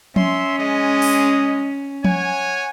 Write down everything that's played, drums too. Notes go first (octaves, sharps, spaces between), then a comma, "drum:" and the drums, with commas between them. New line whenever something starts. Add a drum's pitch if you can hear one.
C#4 E5 C6, drum: tom F3
G#3 D#5
drum: open hi-hat
C#5 F#5 G#5, drum: tom F3